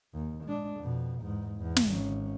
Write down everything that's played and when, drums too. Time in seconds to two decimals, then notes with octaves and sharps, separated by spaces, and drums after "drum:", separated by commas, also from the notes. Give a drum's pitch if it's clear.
0.14 D#2
0.44 G#3 D4
0.80 F2 B2
1.21 E2 G#2
1.57 E2
1.76 drum: snare
1.87 G#1 C#4